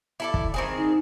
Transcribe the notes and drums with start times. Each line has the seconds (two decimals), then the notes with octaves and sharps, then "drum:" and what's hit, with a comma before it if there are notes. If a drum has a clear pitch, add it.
0.20 E4 A4 D5
0.34 drum: kick
0.54 D#3 C4 G#4
0.78 D#4